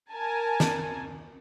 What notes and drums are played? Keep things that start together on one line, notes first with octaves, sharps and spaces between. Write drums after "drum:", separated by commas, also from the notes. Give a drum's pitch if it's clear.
A#4 G#5 A5
drum: snare